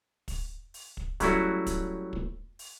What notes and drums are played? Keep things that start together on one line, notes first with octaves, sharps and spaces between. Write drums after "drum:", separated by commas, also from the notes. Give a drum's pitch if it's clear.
drum: kick, open hi-hat
drum: open hi-hat
drum: kick
F#3 G3 A3 C#4 E4 F#4, drum: kick, hi-hat
drum: kick, hi-hat
drum: kick
drum: open hi-hat